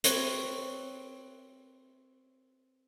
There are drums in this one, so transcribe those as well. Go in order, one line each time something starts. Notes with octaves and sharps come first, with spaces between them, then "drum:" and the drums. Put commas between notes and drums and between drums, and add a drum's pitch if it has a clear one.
C4 B4 C#5, drum: hi-hat